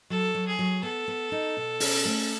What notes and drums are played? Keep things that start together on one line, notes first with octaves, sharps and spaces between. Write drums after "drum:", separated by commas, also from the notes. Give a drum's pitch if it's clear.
F#3 A4
F#3
G#4
F#3
B3 A4
B3
D#4
B2
C#4, drum: open hi-hat
A3